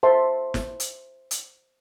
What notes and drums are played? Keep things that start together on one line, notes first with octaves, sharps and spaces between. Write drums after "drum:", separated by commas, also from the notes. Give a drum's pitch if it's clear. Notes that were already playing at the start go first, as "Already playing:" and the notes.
C5 E5 A5 C6
drum: snare
drum: hi-hat
drum: hi-hat